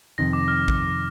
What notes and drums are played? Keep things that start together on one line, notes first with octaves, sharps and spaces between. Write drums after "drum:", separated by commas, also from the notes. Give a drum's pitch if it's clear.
F2 C3 D#3 A#6
D6
F6
drum: kick A1